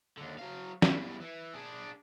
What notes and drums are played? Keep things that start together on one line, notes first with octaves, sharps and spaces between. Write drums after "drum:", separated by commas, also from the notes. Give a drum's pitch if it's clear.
D#2 D3
F#3 F5
E2 G3, drum: snare
E3
D4 G#4